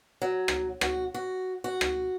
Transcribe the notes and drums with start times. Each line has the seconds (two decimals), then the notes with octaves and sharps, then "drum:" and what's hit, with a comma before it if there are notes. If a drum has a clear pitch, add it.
0.22 F#3
0.48 drum: rim click
0.81 F#4, drum: rim click
1.14 F#4
1.64 F#4
1.81 drum: rim click